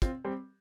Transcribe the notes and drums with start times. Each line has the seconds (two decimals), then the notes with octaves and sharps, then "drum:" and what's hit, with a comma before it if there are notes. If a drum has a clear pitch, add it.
0.02 C4 F4, drum: kick, hi-hat
0.25 G3 C4